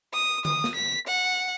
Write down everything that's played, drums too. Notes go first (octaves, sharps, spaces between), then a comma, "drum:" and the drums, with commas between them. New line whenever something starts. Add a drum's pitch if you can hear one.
D#6
D#6, drum: tom D3
drum: snare
B6
F#5